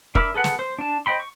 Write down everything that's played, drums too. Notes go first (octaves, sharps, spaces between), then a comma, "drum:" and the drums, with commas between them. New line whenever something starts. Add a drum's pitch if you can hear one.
D4 A#4 E5 B5 D6, drum: kick
G#4 A4 B4 F#5
drum: snare
C5
D4 A5
C5 D#5 G5 B5 C6
C#6